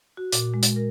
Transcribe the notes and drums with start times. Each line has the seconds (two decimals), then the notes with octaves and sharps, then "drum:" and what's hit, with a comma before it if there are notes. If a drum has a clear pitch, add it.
0.17 F#4
0.32 A#2, drum: hi-hat
0.54 G#3
0.63 drum: hi-hat
0.76 A#4